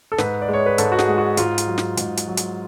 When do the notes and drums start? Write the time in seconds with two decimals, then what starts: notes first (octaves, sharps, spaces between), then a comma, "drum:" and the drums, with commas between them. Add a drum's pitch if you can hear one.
0.12 A4
0.18 G#2 B4, drum: snare
0.42 D5
0.48 G#3
0.53 C#5
0.66 B4
0.78 G#2 A4, drum: hi-hat
0.92 F#4
0.99 G#4, drum: snare
1.08 G#3
1.18 F#4
1.37 G#2 F4, drum: hi-hat
1.58 drum: hi-hat
1.67 F#3
1.78 drum: snare
1.97 G#2, drum: hi-hat
2.17 drum: hi-hat
2.28 F#3
2.37 drum: hi-hat